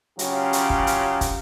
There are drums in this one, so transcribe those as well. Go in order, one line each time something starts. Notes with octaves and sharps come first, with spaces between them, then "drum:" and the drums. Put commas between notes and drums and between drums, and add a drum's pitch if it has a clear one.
C#3 F#3 C#4 F4 G4, drum: hi-hat
drum: hi-hat
drum: kick
drum: hi-hat
drum: kick, hi-hat